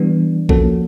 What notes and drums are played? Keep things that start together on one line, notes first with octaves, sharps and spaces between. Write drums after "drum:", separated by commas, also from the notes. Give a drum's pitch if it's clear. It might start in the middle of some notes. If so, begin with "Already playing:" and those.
Already playing: E3 G3 B3 D4
F3 A#3 C#4 F#4 A4, drum: kick A#1